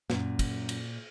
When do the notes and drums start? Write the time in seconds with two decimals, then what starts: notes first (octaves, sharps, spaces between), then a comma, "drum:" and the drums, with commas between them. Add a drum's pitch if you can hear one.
0.10 F#2 A#2, drum: snare
0.39 drum: kick, cymbal
0.69 drum: cymbal